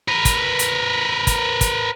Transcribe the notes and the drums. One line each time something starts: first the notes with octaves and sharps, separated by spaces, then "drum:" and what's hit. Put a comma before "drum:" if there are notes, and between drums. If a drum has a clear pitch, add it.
A#4 B4
drum: kick, hi-hat
drum: hi-hat
drum: kick, hi-hat
drum: kick, hi-hat